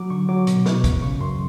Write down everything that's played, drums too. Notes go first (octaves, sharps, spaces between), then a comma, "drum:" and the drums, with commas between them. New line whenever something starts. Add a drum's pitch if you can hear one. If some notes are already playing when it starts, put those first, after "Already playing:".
Already playing: F#3 D6
D3 C#6
F#3 D6
B2 C#6, drum: hi-hat
B2 C#6, drum: snare
E2, drum: kick, hi-hat
C#3 C#6
F#2 C6